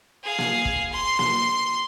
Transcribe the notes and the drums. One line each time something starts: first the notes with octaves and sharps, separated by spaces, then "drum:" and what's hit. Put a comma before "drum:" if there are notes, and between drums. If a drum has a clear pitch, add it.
G#4 F5
drum: snare A#3
drum: kick
C6
drum: snare A#3